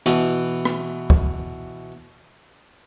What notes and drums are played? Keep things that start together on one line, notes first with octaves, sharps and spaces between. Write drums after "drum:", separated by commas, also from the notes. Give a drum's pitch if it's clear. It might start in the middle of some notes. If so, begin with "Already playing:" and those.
B2 E3, drum: hi-hat
drum: rim click
drum: kick